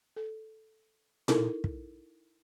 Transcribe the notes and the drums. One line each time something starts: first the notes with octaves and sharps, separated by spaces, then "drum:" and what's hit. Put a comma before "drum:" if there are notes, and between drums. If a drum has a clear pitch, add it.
A4
D#4 E4 A4 A#4, drum: tom A#2
drum: kick